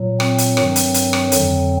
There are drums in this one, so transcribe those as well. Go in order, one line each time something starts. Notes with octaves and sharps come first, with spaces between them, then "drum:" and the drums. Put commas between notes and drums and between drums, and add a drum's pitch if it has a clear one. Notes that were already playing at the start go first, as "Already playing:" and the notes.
Already playing: A#2 F#3
C4, drum: rim click
drum: hi-hat
G2 D#3 F#3, drum: rim click
drum: hi-hat
drum: hi-hat
drum: rim click
F2 D3 F#3, drum: hi-hat